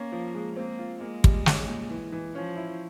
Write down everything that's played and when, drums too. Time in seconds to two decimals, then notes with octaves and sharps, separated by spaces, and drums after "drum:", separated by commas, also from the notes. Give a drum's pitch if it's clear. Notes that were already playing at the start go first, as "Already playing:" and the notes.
Already playing: A#3 C#4
0.12 F3
0.35 G#3
0.56 A#3 C4
0.79 F4
1.01 G#3 A#3
1.24 G3, drum: kick
1.46 C#4, drum: snare
1.68 A#2
1.90 E3
2.12 E3
2.35 F3 C#4
2.57 E4